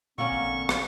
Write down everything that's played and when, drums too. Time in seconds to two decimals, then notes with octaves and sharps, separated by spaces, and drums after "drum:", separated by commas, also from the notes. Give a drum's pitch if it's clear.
0.18 A#2 D3 A#3 C4 C#4 C#6
0.31 A1
0.69 F4, drum: rim click